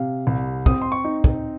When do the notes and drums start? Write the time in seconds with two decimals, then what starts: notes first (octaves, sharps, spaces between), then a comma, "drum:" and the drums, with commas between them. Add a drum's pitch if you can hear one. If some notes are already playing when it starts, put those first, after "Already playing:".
Already playing: C3 F5
0.27 C2
0.66 C4 D#6, drum: kick
0.82 C6
0.92 C#6
1.04 D#4
1.24 drum: kick